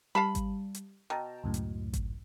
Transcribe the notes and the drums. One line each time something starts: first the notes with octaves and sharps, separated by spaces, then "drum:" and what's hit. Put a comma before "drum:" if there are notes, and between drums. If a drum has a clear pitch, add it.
G3 F5 A5 B5
drum: kick G#1, hi-hat
drum: hi-hat
B2 G5 A5 A#5
C#2 F#2 A2
drum: hi-hat
drum: kick G#1, hi-hat